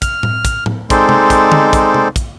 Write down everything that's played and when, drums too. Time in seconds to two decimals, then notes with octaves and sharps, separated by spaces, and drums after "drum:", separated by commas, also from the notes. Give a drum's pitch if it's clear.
0.02 F6, drum: kick, hi-hat
0.23 drum: tom A2
0.45 drum: kick, hi-hat
0.66 drum: tom A2
0.90 G#3 C4 D#4 A4 C5 D5, drum: kick, hi-hat
1.09 drum: tom C3
1.30 drum: kick, hi-hat
1.52 drum: tom
1.73 drum: kick, hi-hat
1.94 drum: tom C3
2.16 drum: kick, hi-hat